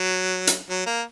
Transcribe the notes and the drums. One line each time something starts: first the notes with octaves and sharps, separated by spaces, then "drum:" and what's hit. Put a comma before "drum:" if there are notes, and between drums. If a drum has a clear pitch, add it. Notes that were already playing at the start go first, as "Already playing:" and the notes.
Already playing: F#3
drum: hi-hat
F#3
A#3